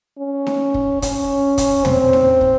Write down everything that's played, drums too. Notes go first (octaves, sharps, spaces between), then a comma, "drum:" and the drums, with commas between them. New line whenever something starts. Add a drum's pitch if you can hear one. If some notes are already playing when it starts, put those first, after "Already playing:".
C#4
drum: snare D#4
drum: kick
C#4, drum: kick, hi-hat
drum: kick, hi-hat
C4, drum: tom
drum: snare D#4
drum: kick